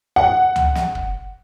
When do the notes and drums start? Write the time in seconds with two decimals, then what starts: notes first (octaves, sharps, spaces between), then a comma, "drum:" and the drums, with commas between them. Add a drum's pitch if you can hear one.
0.16 F#5
0.56 drum: tom C#2
0.75 drum: snare
0.95 drum: kick